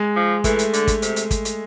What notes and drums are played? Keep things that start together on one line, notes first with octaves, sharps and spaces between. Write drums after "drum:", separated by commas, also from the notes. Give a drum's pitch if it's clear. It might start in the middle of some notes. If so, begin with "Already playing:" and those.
Already playing: G#3
F3
E3 A3, drum: kick, hi-hat
drum: hi-hat
D3, drum: hi-hat
drum: kick, hi-hat
C3, drum: hi-hat
drum: hi-hat
drum: kick, hi-hat
drum: hi-hat